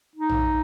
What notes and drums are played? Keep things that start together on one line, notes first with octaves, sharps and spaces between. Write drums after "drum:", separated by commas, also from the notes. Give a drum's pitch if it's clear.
D#4
drum: tom A#1